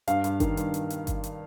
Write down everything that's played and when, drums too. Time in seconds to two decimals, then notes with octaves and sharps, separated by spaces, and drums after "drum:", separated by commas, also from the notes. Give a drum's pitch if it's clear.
0.08 G2 F5, drum: hi-hat
0.24 G2, drum: hi-hat
0.40 D#3, drum: kick G1, hi-hat
0.57 G2, drum: hi-hat
0.74 drum: hi-hat
0.90 drum: hi-hat
1.07 drum: kick G1, hi-hat
1.24 drum: hi-hat